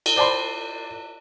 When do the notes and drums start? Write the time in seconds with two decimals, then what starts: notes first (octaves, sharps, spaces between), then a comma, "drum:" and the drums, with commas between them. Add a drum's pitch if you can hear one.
0.06 drum: cymbal
0.16 C5 D5 G5 A5 B5 C6